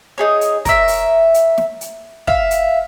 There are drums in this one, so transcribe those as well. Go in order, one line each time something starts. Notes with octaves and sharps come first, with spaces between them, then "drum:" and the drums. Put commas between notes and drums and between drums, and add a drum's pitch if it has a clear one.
D#4 G#4 C#5
drum: hi-hat
A#4 C#5 E5, drum: kick, hi-hat
drum: open hi-hat
drum: hi-hat
drum: snare
drum: hi-hat
E5 F5, drum: kick
drum: hi-hat